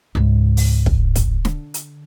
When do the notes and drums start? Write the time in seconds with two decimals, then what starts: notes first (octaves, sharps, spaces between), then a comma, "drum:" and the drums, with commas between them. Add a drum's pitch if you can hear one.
0.15 C#2 G#2
0.57 drum: open hi-hat
0.86 drum: kick
1.15 drum: kick, hi-hat
1.45 D3, drum: snare
1.74 drum: hi-hat